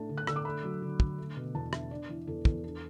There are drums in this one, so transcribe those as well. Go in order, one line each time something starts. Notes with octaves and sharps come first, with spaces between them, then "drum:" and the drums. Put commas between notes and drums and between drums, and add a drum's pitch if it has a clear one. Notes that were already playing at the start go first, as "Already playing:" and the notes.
Already playing: A2 A3 D4 A5
D3
F#6
D3 E6, drum: rim click
D6
A3 B5
F#3
D3
D3, drum: kick
A3
B2
E2 A5
D4 E5, drum: rim click
D4 D5
E3
E2 A4
E2 A4, drum: kick
D4 A4